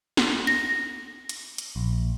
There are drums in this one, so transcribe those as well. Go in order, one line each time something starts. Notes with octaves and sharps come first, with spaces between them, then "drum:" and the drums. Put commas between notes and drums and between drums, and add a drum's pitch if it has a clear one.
drum: snare
A#6
drum: hi-hat
drum: hi-hat
A#1